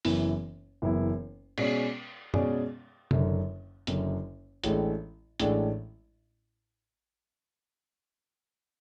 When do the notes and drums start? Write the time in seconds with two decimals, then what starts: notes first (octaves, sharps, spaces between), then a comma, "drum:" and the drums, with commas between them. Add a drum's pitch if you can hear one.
0.05 F#1 F#2 E3 B3 E4, drum: open hi-hat
0.82 F#1 F#2 E3 B3 E4
1.58 B2 G#3 C#4 G#4 D5, drum: cymbal
2.34 B2 G#3 C#4 G#4 D5, drum: tom F#2
3.11 F#1 F#2 D3, drum: tom C3
3.87 F#1 F#2 D3, drum: hi-hat
4.64 A1 A2 G#3 D4 A4, drum: hi-hat
5.40 A1 A2 G#3 D4 A4, drum: hi-hat